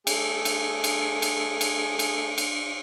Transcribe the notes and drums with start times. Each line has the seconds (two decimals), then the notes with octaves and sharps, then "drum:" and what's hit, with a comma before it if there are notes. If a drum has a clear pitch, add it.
0.07 A3 G#4, drum: cymbal
0.45 drum: cymbal
0.84 drum: cymbal
1.22 drum: cymbal
1.61 drum: cymbal
1.99 drum: cymbal
2.38 drum: cymbal